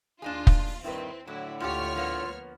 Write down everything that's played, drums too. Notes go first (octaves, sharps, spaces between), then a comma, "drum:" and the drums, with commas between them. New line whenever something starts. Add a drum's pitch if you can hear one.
D#2 D4 D#4 F4 G#4
drum: kick
G2 D#3 C4 E4 B4
A2 D3 F#3 E4
D2 G#2 A3 F4 G4 C#5 F6
F3 A#3 B3